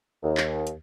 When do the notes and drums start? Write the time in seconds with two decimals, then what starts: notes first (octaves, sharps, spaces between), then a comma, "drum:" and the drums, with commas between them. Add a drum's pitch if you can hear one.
0.23 D#2
0.37 drum: clap
0.67 drum: hi-hat